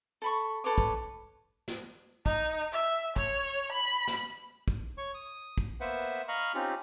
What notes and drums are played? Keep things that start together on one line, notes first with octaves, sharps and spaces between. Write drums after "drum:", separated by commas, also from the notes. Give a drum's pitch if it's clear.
A4 B5 C#6
A4 B4 C#5 D6
drum: kick
drum: snare
D#4, drum: kick
E5
C#5, drum: kick
B5
drum: snare
drum: kick
C#5 C#6
D#6
drum: kick
A#3 B3 B4 C5 E5 F#5
D#5 F5 A#5 B5 C#6 F6
C4 C#4 D#4 F4 G4